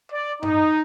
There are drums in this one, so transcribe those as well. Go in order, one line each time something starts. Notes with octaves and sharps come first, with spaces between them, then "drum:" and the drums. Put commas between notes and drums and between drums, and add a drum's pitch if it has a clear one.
D5
D#4, drum: tom G2